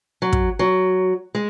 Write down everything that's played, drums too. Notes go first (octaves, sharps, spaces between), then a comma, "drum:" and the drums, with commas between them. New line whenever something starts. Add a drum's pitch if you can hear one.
F#3
drum: kick
F#3
G#3